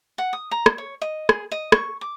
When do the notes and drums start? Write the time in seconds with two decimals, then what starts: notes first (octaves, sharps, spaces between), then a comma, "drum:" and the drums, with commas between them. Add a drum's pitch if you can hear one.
0.18 F#5
0.33 D#6
0.51 A#5
0.66 drum: rim click
0.78 C#5
1.02 D#5
1.29 G#4, drum: rim click
1.52 D#5
1.72 C#6, drum: rim click
2.01 D6